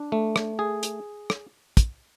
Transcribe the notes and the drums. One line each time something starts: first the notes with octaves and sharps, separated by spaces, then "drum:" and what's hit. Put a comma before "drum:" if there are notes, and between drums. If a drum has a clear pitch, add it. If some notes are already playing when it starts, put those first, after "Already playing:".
Already playing: D4
A3
drum: rim click
G#4
drum: hi-hat
drum: rim click
drum: kick, hi-hat